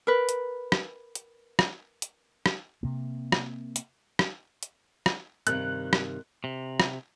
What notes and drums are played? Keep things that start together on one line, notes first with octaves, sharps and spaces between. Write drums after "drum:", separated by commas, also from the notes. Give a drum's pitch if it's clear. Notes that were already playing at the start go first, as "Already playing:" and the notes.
A#4 B4
drum: hi-hat
drum: rim click
drum: hi-hat
drum: rim click
drum: hi-hat
drum: rim click
C3 A#3
drum: rim click
drum: hi-hat
drum: rim click
drum: hi-hat
drum: rim click
G2 C3 D#3 F#6, drum: hi-hat
drum: rim click
C3
drum: rim click